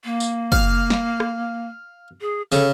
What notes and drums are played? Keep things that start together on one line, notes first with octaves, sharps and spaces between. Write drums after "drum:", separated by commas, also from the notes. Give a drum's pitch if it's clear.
A#3
drum: tambourine
F5, drum: kick
drum: snare
drum: rim click
G#4
C#3 A4, drum: tambourine